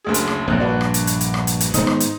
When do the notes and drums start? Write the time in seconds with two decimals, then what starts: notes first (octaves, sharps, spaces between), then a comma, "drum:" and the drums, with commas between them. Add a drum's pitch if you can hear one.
0.05 F#1 D2 G#4
0.14 drum: hi-hat
0.27 drum: rim click
0.48 A#1 G2 A#2 C4 C5 F#6
0.60 D4 F#4 B4
0.81 drum: rim click
0.94 drum: hi-hat
1.07 drum: hi-hat
1.21 drum: hi-hat
1.34 drum: rim click
1.47 drum: hi-hat
1.60 drum: hi-hat
1.74 G#2 D#3 B3 D#4 C5, drum: hi-hat
1.87 drum: rim click
2.00 drum: hi-hat